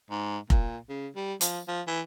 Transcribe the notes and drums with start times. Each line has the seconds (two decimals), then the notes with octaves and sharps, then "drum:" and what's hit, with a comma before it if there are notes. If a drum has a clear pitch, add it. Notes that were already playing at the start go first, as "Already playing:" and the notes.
0.10 G#2
0.50 A#2, drum: kick F1
0.89 C#3
1.16 G3
1.41 F3, drum: hi-hat
1.68 F3
1.87 E3